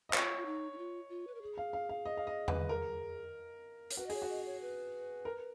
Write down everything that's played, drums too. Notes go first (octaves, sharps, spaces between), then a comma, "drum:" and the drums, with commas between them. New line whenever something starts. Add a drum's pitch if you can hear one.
D#5
F4 C#5, drum: clap
F4
D#4
D#4
F4
F4
B4
A#4
G#4
F5
F5
F5
D#5
F5
D#5
B4, drum: tom E2
A#4
C#5, drum: hi-hat
F#4 B4
D#5
G#4 C#5, drum: open hi-hat
F#4
D#5
C#5
B4
A#4